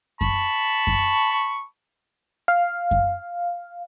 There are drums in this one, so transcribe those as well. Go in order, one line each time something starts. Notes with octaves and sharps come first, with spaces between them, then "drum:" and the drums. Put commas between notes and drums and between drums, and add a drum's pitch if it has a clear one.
A5 B5 C#6, drum: kick F#2
drum: kick F#2
F5
drum: kick F#2